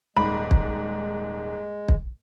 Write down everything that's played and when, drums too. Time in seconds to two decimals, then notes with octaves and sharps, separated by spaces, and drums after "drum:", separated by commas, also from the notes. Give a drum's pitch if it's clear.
0.17 D#1 G#2 G#3 B5
0.51 drum: kick
1.88 drum: kick